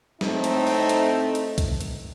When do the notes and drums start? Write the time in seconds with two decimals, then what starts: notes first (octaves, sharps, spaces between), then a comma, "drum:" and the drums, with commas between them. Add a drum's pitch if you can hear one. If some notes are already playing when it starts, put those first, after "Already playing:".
0.21 A2 A3 C4 D#4, drum: snare
0.44 drum: hi-hat
0.67 drum: open hi-hat
0.89 drum: hi-hat
1.35 drum: hi-hat
1.58 drum: kick C2, hi-hat
1.81 drum: hi-hat